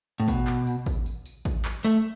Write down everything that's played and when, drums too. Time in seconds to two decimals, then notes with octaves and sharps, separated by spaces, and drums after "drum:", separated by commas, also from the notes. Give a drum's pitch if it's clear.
0.20 A2
0.28 B2, drum: kick A1, tambourine
0.47 drum: clap
0.67 drum: tambourine
0.86 drum: kick A1, tambourine
1.06 drum: tambourine
1.26 drum: tambourine
1.45 drum: kick A1, tambourine
1.65 drum: clap
1.85 A3, drum: tambourine